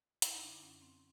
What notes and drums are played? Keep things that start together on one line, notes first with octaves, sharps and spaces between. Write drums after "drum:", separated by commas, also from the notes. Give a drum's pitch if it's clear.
F#2 E4, drum: hi-hat
D#4
D3 D4
F#2 C#4
F#3 C4